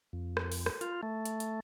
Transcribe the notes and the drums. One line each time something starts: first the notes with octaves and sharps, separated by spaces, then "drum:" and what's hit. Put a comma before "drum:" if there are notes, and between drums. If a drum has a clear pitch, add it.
F2
drum: rim click
drum: open hi-hat
drum: rim click
F4, drum: hi-hat
A3
drum: hi-hat
drum: hi-hat